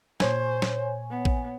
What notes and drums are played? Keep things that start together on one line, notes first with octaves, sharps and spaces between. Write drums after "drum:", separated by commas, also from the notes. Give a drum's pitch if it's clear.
A#2 C5 C#5 G#5, drum: snare
drum: snare
B3
drum: kick